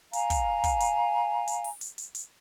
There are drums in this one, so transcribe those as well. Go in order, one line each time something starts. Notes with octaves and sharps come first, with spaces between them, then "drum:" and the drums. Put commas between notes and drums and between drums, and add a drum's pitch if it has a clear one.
F5 G#5 A#5, drum: hi-hat
drum: kick, hi-hat
drum: kick, hi-hat
drum: hi-hat
drum: hi-hat
drum: open hi-hat
drum: hi-hat
drum: hi-hat
drum: hi-hat